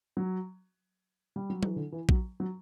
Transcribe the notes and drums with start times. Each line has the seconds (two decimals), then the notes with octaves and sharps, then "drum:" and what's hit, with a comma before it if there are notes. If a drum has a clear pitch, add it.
0.17 F#3
1.36 G3
1.50 F#3
1.63 E3, drum: tom F#3
1.76 D3
1.92 E3
2.09 F#3, drum: kick A#1
2.40 F#3